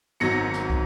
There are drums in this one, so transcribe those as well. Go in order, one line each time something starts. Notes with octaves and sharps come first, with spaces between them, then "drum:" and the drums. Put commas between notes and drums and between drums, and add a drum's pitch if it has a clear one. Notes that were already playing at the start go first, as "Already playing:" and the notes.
G#1 G#2 F#3 A#6 C#7
drum: snare
drum: kick